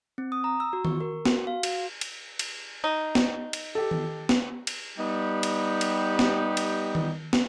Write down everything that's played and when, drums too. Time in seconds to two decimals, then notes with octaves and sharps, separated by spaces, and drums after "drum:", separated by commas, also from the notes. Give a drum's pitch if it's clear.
0.18 C4
0.32 D#6
0.44 A#5
0.60 E6
0.73 F#4
0.85 C#6, drum: tom D#3
1.01 A#4
1.25 F#4, drum: snare
1.47 F5
1.63 F#4, drum: cymbal
2.01 drum: cymbal
2.39 drum: cymbal
2.84 D#4
3.15 drum: snare
3.53 drum: cymbal
3.75 G4 A4
3.91 drum: tom D#3
4.29 drum: snare
4.67 drum: cymbal
4.98 G3 B3 D#4 G4
5.43 drum: cymbal
5.81 drum: cymbal
6.19 drum: snare
6.57 drum: cymbal
6.95 drum: tom D#3
7.33 drum: snare